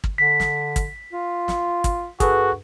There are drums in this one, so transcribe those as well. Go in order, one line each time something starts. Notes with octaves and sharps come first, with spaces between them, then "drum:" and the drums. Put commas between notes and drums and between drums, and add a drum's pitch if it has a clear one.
drum: kick
D3 B6
drum: snare
drum: kick, hi-hat
F4
drum: snare
drum: kick, hi-hat
G2 F#4 G#4 A4 B4, drum: kick, hi-hat